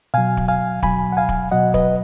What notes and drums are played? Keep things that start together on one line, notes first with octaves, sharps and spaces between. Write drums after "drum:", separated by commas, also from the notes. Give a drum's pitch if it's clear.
B2 F#3 F5 G#5
drum: kick
F5 G#5
B2 F#3 G#5 B5, drum: kick
F#5
F5 G#5
drum: kick
B2 F#3 D#5 F#5
B4 D#5, drum: kick